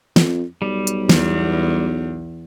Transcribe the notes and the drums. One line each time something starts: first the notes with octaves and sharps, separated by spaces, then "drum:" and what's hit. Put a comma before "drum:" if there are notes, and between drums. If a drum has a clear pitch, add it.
F2, drum: snare
B1 G3
drum: hi-hat
E2, drum: snare